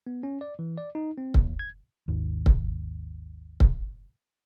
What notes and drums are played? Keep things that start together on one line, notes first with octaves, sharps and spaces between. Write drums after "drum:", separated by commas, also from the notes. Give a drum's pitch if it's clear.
B3
C#4
D5
E3
D5
D#4
C4
D#2, drum: kick C#1
G#6
G#1 D#2
drum: kick C#1
drum: kick C#1